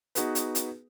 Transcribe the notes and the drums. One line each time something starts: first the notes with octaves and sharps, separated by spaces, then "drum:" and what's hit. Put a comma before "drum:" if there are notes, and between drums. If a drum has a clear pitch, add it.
B3 D#4 F#4 G#4 B4, drum: hi-hat
drum: hi-hat
drum: hi-hat